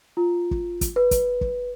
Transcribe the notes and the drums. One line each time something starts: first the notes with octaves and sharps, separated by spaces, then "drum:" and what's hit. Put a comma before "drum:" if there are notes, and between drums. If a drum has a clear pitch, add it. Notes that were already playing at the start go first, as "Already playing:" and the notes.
F4
drum: kick
drum: kick, hi-hat
B4
drum: kick, hi-hat
drum: kick